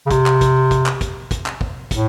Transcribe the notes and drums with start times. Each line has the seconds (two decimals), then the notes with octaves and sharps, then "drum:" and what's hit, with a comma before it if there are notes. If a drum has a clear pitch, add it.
0.06 C#3
0.11 C3, drum: kick, hi-hat
0.26 drum: clap
0.41 drum: kick, hi-hat
0.71 drum: kick, hi-hat
0.86 drum: clap
1.01 drum: kick, hi-hat
1.31 drum: kick, hi-hat
1.46 drum: clap
1.61 drum: kick
1.91 A2, drum: kick, hi-hat